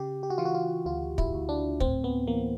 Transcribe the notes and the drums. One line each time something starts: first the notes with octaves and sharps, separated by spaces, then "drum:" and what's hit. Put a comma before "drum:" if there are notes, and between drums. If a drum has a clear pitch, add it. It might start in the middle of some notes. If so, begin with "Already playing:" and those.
Already playing: C#3 G4
G4
F#4
E3 F4
F#4
F4
D2 F4
E4, drum: kick
D2
D4
A2 C4, drum: kick
B3
E3 A#3